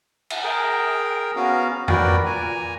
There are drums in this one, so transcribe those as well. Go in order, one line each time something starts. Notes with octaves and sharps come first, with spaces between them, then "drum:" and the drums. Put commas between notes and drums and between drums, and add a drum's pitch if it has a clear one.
drum: cymbal
G#4 A#4 G5 A#5
B3 C#4 F#4 F5 A#5
F#4 A#4 B4 D5 G5, drum: tom F2
A#2 G#5 A#5